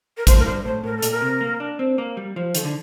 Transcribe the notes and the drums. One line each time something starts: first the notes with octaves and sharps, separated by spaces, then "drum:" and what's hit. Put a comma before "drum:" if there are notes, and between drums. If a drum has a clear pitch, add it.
A#4
A2 C5, drum: kick, hi-hat
A#4
G2 C5
A2 C5
A2 A#4
A4
A#2, drum: hi-hat
A#4
C3
A#3
D4
C4
A#3
G3
F3
D#3 A4, drum: hi-hat
D3